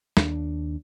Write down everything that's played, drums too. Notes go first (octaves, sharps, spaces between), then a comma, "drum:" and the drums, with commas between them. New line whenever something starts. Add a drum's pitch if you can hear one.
D#2 D4, drum: snare